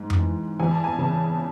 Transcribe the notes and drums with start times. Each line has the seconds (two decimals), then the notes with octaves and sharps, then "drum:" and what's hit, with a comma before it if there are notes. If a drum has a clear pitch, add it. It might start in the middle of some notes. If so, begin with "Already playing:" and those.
Already playing: G#2
0.10 drum: tom F2
0.20 E3
0.59 E2 G#5
0.71 A5
0.84 G#5
0.98 C#3 A5